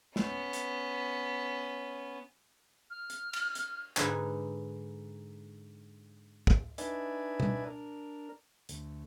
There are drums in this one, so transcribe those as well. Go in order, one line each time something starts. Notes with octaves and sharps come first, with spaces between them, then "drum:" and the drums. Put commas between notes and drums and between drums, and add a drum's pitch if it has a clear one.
B3 C#4, drum: snare
drum: hi-hat
F6
drum: hi-hat
drum: cymbal
drum: hi-hat
G#2 D3 D#4 B4 G#5 A#5, drum: clap
drum: kick
D4 D#4 B4 D5 E5 G#5, drum: hi-hat
drum: tom B2
D4 A#4
D2, drum: hi-hat